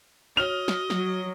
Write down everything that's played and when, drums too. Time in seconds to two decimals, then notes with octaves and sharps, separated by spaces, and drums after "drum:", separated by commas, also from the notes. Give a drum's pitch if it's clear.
0.37 F#4 C#5 D#5 F6 F7
0.68 drum: snare
0.90 F#3, drum: snare